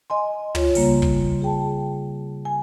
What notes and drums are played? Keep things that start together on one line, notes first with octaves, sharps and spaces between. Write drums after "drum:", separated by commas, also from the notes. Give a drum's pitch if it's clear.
D#5 G#5 C6
F4 C#5, drum: tom
C#3 G3 A#3, drum: open hi-hat
drum: kick
G#4 G5 A5
G#5